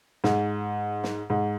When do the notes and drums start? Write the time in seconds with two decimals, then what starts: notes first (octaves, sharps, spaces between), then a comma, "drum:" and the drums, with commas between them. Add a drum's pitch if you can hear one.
0.24 G#2, drum: snare
1.04 drum: snare
1.30 G#2